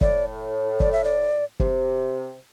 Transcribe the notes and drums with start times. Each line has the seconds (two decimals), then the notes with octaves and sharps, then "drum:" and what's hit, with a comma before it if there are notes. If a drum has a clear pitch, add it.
0.01 A2 D5, drum: kick
0.80 D5, drum: kick
0.92 E5
1.04 D5
1.60 C3, drum: kick